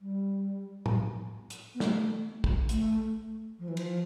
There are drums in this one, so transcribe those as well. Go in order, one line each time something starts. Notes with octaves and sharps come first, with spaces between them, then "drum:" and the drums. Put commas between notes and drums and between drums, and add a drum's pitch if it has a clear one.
G3
drum: tom A2
drum: hi-hat
B3
A3, drum: snare
drum: kick
A3, drum: hi-hat
F3
E3
F3, drum: cymbal